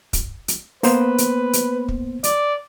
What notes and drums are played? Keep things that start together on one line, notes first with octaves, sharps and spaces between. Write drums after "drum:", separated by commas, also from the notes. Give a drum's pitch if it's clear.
drum: kick, hi-hat
drum: hi-hat
A#3 B3 B4 C5, drum: open hi-hat
drum: hi-hat
drum: hi-hat
drum: kick
D5, drum: hi-hat